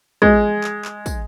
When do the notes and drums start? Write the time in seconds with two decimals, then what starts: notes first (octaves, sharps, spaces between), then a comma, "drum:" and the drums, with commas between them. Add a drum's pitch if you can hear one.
0.22 G#3, drum: kick
0.64 drum: clap
0.85 drum: clap
1.06 drum: kick, tambourine